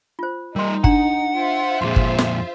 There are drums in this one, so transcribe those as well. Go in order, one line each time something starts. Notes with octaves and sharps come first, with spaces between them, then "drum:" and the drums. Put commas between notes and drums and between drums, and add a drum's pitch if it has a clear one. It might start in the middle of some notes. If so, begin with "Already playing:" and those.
F4 C5
G3 D#4 A#4 D#5 C6
D4 F#5 A#5, drum: kick
F4 C5 E5
F2 A#2 G#4 C6
drum: kick
drum: snare